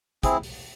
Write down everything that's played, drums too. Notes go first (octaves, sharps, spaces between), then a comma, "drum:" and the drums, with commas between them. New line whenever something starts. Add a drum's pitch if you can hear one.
C4 E4 G#4, drum: kick, hi-hat
drum: open hi-hat